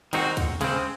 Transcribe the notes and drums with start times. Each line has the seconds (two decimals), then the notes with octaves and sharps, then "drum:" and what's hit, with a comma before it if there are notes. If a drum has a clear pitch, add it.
0.13 D#3 G#3 C4 D#4 F#4, drum: cymbal
0.37 drum: kick, cymbal
0.61 C#3 G#3 C4, drum: cymbal